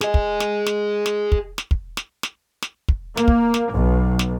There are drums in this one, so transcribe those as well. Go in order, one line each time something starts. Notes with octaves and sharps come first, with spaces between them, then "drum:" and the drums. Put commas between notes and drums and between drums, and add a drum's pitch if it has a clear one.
G#4 D#5, drum: snare
drum: kick
drum: snare
drum: snare
drum: snare
drum: kick
drum: snare
drum: kick
drum: snare
drum: snare
drum: snare
drum: kick
A#3, drum: snare
drum: kick
drum: snare
B1
drum: snare